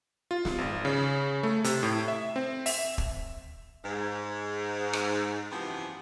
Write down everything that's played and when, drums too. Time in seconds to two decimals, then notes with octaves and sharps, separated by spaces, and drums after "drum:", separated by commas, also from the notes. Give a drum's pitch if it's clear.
0.31 F4
0.45 drum: snare
0.58 G#1
0.85 C#3
1.43 A3
1.64 C3, drum: hi-hat
1.83 A2
2.08 E5
2.36 C4
2.66 E5, drum: open hi-hat
2.98 drum: kick
3.84 G#2
4.93 drum: rim click
5.52 F#2 C3 E3 F3 B3